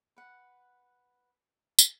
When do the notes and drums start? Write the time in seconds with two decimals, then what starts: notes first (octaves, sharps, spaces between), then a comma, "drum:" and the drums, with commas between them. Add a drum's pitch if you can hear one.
0.17 B4 F#5
1.79 drum: tambourine